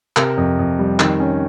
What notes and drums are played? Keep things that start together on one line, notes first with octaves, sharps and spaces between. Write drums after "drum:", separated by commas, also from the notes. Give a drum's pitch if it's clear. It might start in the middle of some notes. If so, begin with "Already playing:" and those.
C3 A#4, drum: clap
F2
F2
G3
D#3, drum: clap
C#4